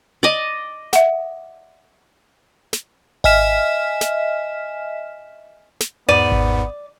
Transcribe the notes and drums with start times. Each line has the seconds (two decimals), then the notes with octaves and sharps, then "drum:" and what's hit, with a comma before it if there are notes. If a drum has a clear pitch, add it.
0.23 D5 D#5
0.93 E5 F#5, drum: snare
2.73 drum: snare
3.24 D#5 E5 G#5 F6 B6 E7, drum: kick G#1
4.01 drum: snare
5.81 drum: snare
6.09 E2 G#2 B3 D5 D#7
6.32 drum: kick G#1